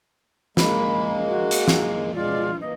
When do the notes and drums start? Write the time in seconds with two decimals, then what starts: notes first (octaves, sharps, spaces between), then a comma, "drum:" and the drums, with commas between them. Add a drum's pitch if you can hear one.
0.57 G#3 A#3 B5, drum: snare
1.28 F#4
1.51 drum: hi-hat
1.68 drum: snare
2.15 B2 G#3 F4 D5
2.61 E3 A#3 D#5